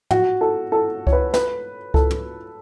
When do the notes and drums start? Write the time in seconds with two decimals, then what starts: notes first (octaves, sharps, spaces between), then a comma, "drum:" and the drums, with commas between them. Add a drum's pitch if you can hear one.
0.11 F#4, drum: tom
0.41 A4
0.72 A4
1.07 C#5, drum: kick C#2
1.13 B4
1.34 B4, drum: snare
1.94 A4, drum: kick C#2
2.10 drum: tom